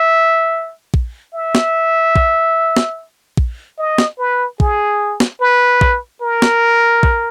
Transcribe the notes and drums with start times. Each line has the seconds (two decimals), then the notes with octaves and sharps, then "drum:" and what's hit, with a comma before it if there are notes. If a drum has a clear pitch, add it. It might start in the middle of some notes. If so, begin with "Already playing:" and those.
Already playing: E5
0.94 drum: kick
1.34 E5
1.55 drum: snare
2.16 drum: kick
2.77 drum: snare
3.37 drum: kick
3.78 D#5
3.98 drum: snare
4.18 B4
4.60 G#4, drum: kick
5.20 drum: snare
5.41 B4
5.81 drum: kick
6.22 A#4
6.42 drum: snare
7.03 drum: kick